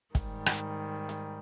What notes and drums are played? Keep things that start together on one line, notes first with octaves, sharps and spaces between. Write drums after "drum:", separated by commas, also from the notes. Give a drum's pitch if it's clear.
G#2 D#3 G3, drum: kick, hi-hat
drum: rim click
drum: hi-hat